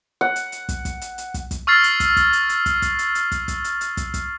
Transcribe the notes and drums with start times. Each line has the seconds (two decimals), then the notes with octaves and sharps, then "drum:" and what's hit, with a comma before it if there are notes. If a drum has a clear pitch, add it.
0.21 F#5
0.36 drum: hi-hat
0.52 drum: hi-hat
0.69 drum: kick, hi-hat
0.85 drum: kick, hi-hat
1.01 drum: hi-hat
1.18 drum: hi-hat
1.34 drum: kick, hi-hat
1.51 drum: kick, hi-hat
1.67 C#6 E6 F6 A6 C7
1.84 drum: hi-hat
2.00 drum: kick, hi-hat
2.17 drum: kick, hi-hat
2.33 drum: hi-hat
2.49 drum: hi-hat
2.66 drum: kick, hi-hat
2.82 drum: kick, hi-hat
2.99 drum: hi-hat
3.15 drum: hi-hat
3.32 drum: kick, hi-hat
3.48 drum: kick, hi-hat
3.64 drum: hi-hat
3.81 drum: hi-hat
3.97 drum: kick, hi-hat
4.14 drum: kick, hi-hat